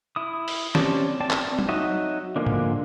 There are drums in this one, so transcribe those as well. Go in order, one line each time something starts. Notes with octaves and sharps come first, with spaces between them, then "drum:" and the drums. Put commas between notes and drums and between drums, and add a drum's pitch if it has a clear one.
E4 D#6
drum: open hi-hat
C4 C#4 G4 D5 A5, drum: snare
C4 D5 A5
drum: clap
drum: tom F#3
F#3 D#4 F#4 D#5 E5
D3 F3 G#3 A#3 D4
drum: tom G#2